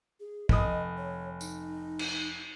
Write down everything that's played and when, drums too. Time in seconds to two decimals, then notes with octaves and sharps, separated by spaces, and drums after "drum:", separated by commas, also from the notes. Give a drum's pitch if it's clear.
0.20 G#4
0.49 F1 D#5 D#6, drum: kick
0.98 C#5
1.41 D#4, drum: tambourine
1.99 drum: cymbal